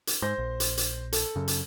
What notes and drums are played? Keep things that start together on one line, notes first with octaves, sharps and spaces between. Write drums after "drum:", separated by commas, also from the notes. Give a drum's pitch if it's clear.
drum: hi-hat
G#2 C5 G6 A#6
A#1
drum: hi-hat
drum: hi-hat
A4, drum: hi-hat
F#2 C#3
drum: hi-hat